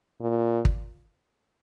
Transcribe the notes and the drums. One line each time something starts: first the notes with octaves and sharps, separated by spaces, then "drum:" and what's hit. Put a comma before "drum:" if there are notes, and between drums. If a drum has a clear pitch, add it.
A#2
drum: kick